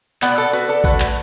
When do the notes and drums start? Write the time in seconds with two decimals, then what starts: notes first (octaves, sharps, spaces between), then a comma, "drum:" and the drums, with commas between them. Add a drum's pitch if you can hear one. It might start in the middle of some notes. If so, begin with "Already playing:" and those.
0.22 B2 B3 D5 F#5, drum: clap
0.38 A4 D5
0.53 F#4 B4
0.69 A4 D5
0.84 D3 A3 F#4 B4, drum: kick
1.00 drum: clap